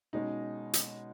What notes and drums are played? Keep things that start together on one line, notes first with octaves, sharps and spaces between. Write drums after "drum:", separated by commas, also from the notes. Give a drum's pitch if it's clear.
B2 G#3 C#4 D#4
drum: hi-hat